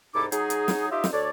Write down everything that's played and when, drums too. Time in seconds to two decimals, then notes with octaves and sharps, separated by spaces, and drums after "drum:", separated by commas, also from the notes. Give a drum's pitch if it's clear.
0.15 C2 G#2 D#4 E4 A4 D6
0.32 F#3 D#4 G#4, drum: hi-hat
0.50 drum: hi-hat
0.68 drum: snare
0.91 D#4 F4 G4 C5 D#5 E5
1.04 drum: snare
1.13 D2 A4 C#5 D5